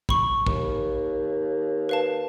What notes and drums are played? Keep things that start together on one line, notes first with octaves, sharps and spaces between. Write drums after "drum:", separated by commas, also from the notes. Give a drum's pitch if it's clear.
B5 C#6, drum: kick
D#2, drum: kick
B4 F5 A5